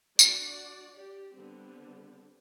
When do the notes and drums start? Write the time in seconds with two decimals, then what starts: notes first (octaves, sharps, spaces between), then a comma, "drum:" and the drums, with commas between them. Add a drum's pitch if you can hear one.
0.19 D4 F#4 D5, drum: tambourine
0.96 G4 D5
1.34 D3 G3 B3 C4